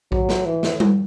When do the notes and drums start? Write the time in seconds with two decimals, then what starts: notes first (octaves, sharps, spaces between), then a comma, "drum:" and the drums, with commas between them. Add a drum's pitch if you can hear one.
0.12 F#3, drum: kick A#1
0.29 drum: snare
0.45 E3
0.63 drum: snare
0.80 drum: tom G3